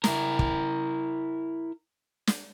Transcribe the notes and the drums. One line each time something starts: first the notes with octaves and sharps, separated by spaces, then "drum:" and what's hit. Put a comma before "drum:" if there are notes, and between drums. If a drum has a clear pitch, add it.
E4 A#4, drum: snare
drum: kick
drum: snare